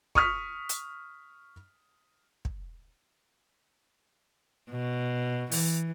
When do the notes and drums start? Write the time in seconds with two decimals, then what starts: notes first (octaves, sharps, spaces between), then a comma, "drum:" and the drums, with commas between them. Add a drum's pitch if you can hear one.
0.15 C#6 D#6 F6 B6, drum: kick
0.69 drum: hi-hat
2.45 drum: kick
4.70 B2
5.51 E3, drum: open hi-hat